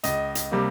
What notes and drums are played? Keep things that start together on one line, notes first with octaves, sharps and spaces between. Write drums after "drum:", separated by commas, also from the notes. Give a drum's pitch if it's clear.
C#2 D#5, drum: hi-hat
drum: hi-hat
C3 G3 A#3